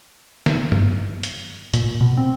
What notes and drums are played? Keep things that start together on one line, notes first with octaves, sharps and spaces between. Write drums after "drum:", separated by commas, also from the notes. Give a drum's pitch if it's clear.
drum: snare
drum: tom G2
drum: hi-hat
A#2, drum: hi-hat
B2
C4